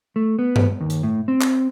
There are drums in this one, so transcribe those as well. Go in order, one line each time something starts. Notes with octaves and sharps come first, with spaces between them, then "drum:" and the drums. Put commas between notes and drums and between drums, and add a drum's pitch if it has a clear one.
A3
B3
drum: tom G2
D#2
drum: hi-hat
A2
C4
drum: clap